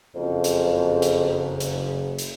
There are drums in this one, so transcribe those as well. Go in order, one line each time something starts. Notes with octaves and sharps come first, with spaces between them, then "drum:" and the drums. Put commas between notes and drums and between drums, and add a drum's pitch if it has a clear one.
F#1 F2
drum: hi-hat
drum: hi-hat
drum: hi-hat
drum: hi-hat